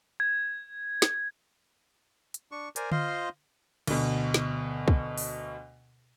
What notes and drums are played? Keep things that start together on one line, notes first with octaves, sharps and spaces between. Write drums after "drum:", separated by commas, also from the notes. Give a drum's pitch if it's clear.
G#6
drum: snare
drum: hi-hat
D4 C#6
A#4 C5 D5 G#5, drum: hi-hat
F4 C5 D#5 F5 C6, drum: tom D3
D2 B2, drum: cymbal
drum: snare
drum: kick
drum: open hi-hat